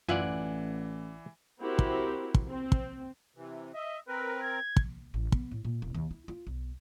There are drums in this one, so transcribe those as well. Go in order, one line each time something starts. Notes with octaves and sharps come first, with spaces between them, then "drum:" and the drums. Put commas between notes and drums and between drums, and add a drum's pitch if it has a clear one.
A1 F#2 E3 F4 D5 E5 F#5 G#5
C4 E4 F#4 G4 A#4 C5
drum: kick
drum: kick
C4
drum: kick
C3 E3
D#5 E5
C4 A#4 B4
G#6
drum: kick
A1
B3, drum: kick
A2
A#2
E1
D#2
E4
F4
B1